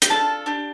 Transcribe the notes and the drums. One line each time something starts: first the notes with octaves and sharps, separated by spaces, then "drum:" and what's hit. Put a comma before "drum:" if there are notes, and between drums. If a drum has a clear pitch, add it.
G5, drum: hi-hat
D4 F4 A4 A5
D4 G4